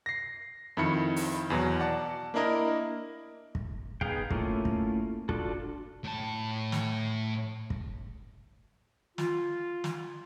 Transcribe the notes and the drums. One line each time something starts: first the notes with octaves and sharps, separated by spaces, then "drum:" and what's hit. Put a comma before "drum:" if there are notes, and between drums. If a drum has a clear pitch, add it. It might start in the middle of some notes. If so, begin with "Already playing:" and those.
A#6 C7
F2 D#3 E4 B5 C#7
drum: open hi-hat
E2 B2 F#3
D5 F#5 A5
A#3 D4 E4 A#4 D#5
drum: kick
B3 D#4 G#4 F5 G5, drum: kick
A3 A#3 C#4 E4 F4, drum: kick
drum: kick
D4 F4 F#4 A4, drum: kick
A2 A5
drum: snare
drum: kick
F4, drum: snare
drum: snare